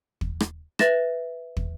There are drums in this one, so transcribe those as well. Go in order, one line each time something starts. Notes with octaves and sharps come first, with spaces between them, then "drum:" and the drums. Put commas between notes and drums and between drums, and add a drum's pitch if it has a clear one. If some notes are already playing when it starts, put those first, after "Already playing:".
drum: kick
drum: rim click
B4 E5 A6 A#6 E7, drum: rim click
drum: kick